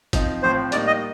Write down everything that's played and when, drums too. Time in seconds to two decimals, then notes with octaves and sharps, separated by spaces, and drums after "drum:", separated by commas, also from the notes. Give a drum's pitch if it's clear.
0.13 F3 C4 D#4, drum: kick, hi-hat
0.43 A2 F3 C4 C5
0.72 A2 G3 A#3 D#4 D5, drum: hi-hat
0.87 D#5